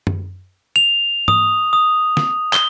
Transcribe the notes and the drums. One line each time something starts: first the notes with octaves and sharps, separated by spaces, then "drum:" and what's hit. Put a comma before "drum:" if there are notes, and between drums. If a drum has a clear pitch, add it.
drum: tom F#2
F7
D#6, drum: tom G#2
D#6
drum: snare
G7, drum: clap